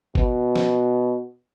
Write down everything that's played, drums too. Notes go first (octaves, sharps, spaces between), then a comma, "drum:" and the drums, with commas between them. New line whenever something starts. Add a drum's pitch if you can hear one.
B2, drum: kick G1
drum: snare F3